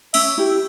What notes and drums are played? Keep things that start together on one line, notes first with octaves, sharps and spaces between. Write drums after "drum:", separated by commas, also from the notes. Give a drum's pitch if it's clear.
C#4 E5, drum: open hi-hat
E4 G4